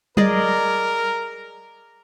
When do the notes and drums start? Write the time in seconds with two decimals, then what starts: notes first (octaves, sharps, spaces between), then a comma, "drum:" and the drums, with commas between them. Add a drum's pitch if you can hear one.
0.17 G#4 A#4 D5 D#5, drum: tom F#3